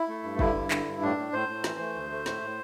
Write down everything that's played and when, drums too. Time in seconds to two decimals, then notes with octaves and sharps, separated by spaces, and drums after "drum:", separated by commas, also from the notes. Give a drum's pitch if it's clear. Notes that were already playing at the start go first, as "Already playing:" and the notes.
Already playing: E4
0.08 A3
0.24 G2
0.39 D3 E4, drum: kick
0.55 G2
0.71 D3, drum: clap
0.86 G2
1.02 A2 D4
1.17 A2
1.33 A2 C5
1.48 A2
1.64 E3, drum: snare
1.79 A3
1.95 D2
2.11 A3
2.26 A2, drum: snare
2.42 A2